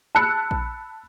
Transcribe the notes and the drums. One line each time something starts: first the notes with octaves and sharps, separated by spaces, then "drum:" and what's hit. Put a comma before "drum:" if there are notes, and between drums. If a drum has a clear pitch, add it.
A5 B5 E6 F#6 C#7
drum: kick A#1